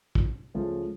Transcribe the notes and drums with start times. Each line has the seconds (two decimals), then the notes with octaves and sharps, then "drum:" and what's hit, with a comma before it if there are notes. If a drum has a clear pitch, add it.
0.15 drum: kick
0.54 C#2 C#3 F3 A3 C#4